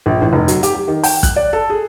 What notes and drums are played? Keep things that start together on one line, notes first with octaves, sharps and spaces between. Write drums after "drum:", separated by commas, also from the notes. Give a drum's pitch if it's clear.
A#1
A1
F1
F#3, drum: hi-hat
G4, drum: hi-hat
G4
D#3
G5, drum: open hi-hat
F#6, drum: kick, hi-hat
D5
A4
G#4